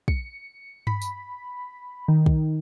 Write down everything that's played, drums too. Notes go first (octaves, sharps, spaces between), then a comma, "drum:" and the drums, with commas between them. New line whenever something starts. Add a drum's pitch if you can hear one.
C#7, drum: kick
B5, drum: tom G2
drum: tambourine
D#3
drum: kick